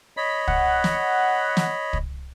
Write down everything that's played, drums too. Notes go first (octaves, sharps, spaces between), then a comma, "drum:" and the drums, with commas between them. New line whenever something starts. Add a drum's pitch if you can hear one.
C#5 D#5 B5 B6
F#5, drum: kick
drum: snare
drum: snare
drum: kick